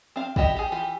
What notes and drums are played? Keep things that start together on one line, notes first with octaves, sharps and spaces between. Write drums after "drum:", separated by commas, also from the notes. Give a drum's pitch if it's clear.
C4 F5
E4 F#4 G4 D#5 E5, drum: kick
G4 G#4
E3 F4 G4